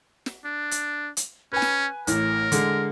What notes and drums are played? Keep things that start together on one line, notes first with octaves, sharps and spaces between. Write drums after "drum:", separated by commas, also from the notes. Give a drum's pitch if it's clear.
drum: snare
D4
drum: hi-hat
drum: hi-hat
C#4 B4 G#5
drum: snare
A1 A2 A#4, drum: hi-hat
D3 G#3, drum: hi-hat